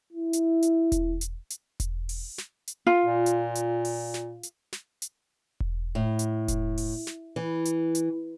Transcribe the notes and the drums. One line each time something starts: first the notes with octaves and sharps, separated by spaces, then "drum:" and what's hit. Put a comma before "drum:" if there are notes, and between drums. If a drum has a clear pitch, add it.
E4
drum: hi-hat
drum: hi-hat
drum: kick E1, hi-hat
drum: hi-hat
drum: hi-hat
drum: kick E1, hi-hat
drum: open hi-hat
drum: snare
drum: hi-hat
F4
A#2
drum: hi-hat
drum: hi-hat
drum: open hi-hat
drum: snare
drum: hi-hat
drum: snare
drum: hi-hat
drum: kick E1
A2
drum: hi-hat
drum: kick E1, hi-hat
drum: open hi-hat
drum: snare
E3
drum: hi-hat
drum: hi-hat